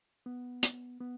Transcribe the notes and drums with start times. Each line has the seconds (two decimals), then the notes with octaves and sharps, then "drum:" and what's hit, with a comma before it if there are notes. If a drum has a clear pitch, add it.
0.26 B3
0.63 drum: hi-hat
1.01 B3